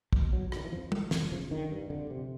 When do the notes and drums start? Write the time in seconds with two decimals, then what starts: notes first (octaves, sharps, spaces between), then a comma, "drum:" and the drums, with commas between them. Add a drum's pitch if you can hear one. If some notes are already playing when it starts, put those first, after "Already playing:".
0.13 B2, drum: kick
0.33 G1 F#3
0.52 G1 D#3, drum: rim click
0.64 E3
0.72 F2 F3
0.92 G1, drum: tom
1.11 F1, drum: snare
1.32 C#3 F3
1.51 D3 D#3
1.71 G2
1.90 F2 D3
2.10 C3